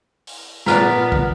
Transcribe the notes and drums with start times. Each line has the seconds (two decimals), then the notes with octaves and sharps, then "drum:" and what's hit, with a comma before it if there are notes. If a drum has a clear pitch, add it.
0.27 drum: open hi-hat
0.66 A#2 B3 B4 D5 A#5 F6 B6, drum: snare
1.12 drum: kick